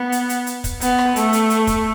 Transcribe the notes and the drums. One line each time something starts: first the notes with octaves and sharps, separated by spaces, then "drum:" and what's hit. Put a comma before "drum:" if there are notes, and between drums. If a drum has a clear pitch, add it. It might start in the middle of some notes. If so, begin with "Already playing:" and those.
Already playing: B3
drum: hi-hat
drum: hi-hat
drum: hi-hat
drum: kick, hi-hat
B3, drum: hi-hat
drum: rim click
A3, drum: hi-hat
drum: hi-hat
drum: hi-hat
drum: kick, hi-hat